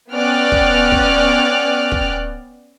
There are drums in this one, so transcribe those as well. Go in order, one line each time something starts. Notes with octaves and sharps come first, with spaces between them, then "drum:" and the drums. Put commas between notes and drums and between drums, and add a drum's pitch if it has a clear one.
B3 C#4 D5 G5 F6 F#6
drum: kick
drum: kick
drum: kick